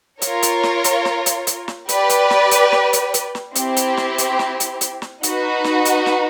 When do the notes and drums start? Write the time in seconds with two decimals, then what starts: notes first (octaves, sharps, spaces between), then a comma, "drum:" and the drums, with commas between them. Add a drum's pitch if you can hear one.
0.22 F4 A#4 C#5, drum: hi-hat
0.42 drum: hi-hat
0.63 drum: snare
0.84 drum: hi-hat
1.05 drum: snare
1.26 drum: hi-hat
1.47 drum: hi-hat
1.68 drum: snare
1.89 G4 B4 D5, drum: hi-hat
2.09 drum: hi-hat
2.30 drum: snare
2.51 drum: hi-hat
2.72 drum: snare
2.93 drum: hi-hat
3.14 drum: hi-hat
3.35 drum: snare
3.55 C4 E4 G4, drum: hi-hat
3.76 drum: hi-hat
3.97 drum: snare
4.18 drum: hi-hat
4.39 drum: snare
4.60 drum: hi-hat
4.81 drum: hi-hat
5.02 drum: snare
5.23 D#4 F#4 B4, drum: hi-hat
5.64 drum: snare
5.85 drum: hi-hat
6.06 drum: snare